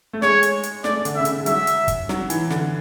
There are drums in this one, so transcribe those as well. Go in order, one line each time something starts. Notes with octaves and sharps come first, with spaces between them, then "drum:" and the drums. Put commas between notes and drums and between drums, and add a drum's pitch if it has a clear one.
A3
G#3 C#5, drum: snare
drum: hi-hat
drum: hi-hat
A3 D5, drum: snare
D3, drum: hi-hat
C#3 E5
D3, drum: hi-hat
G#3
F#3 E5, drum: hi-hat
drum: hi-hat
drum: kick, hi-hat
F#3, drum: snare
E3, drum: hi-hat
D3, drum: snare